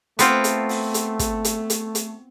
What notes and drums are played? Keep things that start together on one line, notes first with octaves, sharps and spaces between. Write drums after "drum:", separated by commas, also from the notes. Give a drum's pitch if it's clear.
A3 B3 C4 F4, drum: hi-hat
drum: hi-hat
drum: open hi-hat
drum: hi-hat
drum: kick, hi-hat
drum: hi-hat
drum: hi-hat
drum: hi-hat